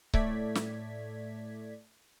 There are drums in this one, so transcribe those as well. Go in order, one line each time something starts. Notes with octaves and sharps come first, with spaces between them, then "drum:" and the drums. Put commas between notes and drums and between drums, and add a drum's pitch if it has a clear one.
A2 A3 D5 G#6 B6, drum: kick C#1
drum: snare